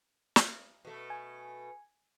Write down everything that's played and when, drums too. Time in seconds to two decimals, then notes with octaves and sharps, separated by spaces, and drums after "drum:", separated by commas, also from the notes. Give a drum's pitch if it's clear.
0.36 drum: snare
0.85 B2 A3
1.10 G#5